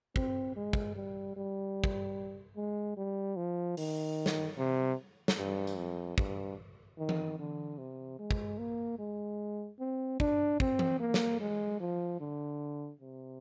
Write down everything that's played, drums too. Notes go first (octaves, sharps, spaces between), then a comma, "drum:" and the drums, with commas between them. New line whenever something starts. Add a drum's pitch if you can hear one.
C4, drum: kick
G#3
drum: kick
G3
G3
drum: kick
G#3
G3
F3
D#3, drum: open hi-hat
drum: snare
C3
drum: snare
G2
drum: tambourine
F2
G2, drum: kick
D#3
drum: tom E3
D3
C3
G#3
drum: kick
A#3
G#3
C4
D4, drum: kick
C4, drum: kick
drum: tom E3
A#3
drum: snare
G#3
F3
D3
C3